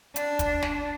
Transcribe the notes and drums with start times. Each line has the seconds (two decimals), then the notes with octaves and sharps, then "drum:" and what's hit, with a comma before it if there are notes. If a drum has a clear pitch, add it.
0.16 D4, drum: hi-hat
0.39 drum: kick, hi-hat
0.62 drum: snare